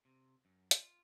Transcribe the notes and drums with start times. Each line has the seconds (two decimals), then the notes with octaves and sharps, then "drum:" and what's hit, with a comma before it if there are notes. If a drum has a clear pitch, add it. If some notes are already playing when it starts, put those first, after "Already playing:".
0.05 C3
0.45 F#2
0.71 F4, drum: hi-hat